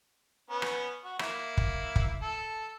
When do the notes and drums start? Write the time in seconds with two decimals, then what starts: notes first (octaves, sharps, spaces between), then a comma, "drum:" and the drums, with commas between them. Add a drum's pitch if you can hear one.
0.50 B3 C#4 B4
0.62 drum: rim click
1.04 F#4
1.19 A#3 E4, drum: rim click
1.57 drum: kick
1.96 drum: kick
2.22 A4